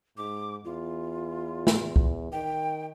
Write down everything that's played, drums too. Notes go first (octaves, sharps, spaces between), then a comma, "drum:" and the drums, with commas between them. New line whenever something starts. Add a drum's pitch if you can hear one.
G#2 D6
E2 F4
drum: snare
drum: kick
D#3 G5